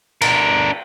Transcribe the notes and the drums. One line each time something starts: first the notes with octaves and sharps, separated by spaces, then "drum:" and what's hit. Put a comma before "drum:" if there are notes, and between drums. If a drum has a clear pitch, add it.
D4 A#4, drum: cymbal